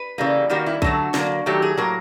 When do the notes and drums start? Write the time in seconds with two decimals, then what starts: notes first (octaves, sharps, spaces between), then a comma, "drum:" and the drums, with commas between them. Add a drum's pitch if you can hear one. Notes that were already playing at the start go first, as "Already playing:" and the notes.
Already playing: B4
0.18 C#3 E3 G3 A#3
0.50 D#3 G3 A#3 F#4
0.66 E4
0.82 D3 F#3 A3 F#4, drum: kick
1.14 D3 F#3 A#3, drum: snare
1.46 D#3 F#3 A3 G4
1.62 G#4
1.77 A2 F#3 A#3 A#4